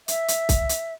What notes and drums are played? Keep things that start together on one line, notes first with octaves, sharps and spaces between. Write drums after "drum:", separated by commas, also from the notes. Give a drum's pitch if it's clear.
E5, drum: hi-hat
drum: hi-hat
drum: kick C2, hi-hat
drum: hi-hat